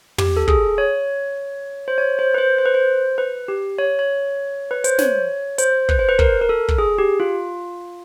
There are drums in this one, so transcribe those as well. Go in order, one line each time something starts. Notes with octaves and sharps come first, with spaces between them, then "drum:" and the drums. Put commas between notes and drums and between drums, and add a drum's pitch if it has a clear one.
G4, drum: tom
A4
G#4, drum: kick
C#5
C5
C#5
C5
B4
C5
C5
B4
C5
B4
G4
C#5
C#5
B4
C5, drum: hi-hat
C#5, drum: snare
C5, drum: hi-hat
B4, drum: kick
C5
B4
A#4, drum: kick
A#4
A4
drum: kick
G#4
G4
F4